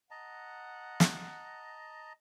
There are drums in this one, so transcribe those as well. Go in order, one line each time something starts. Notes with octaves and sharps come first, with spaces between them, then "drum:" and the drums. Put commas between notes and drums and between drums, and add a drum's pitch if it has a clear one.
D#5 F#5 A5 A#5
drum: snare